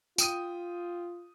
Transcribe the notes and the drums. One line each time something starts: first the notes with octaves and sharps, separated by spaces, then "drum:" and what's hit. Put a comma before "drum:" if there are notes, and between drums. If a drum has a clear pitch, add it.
F4 G5 D#6 D#7, drum: tambourine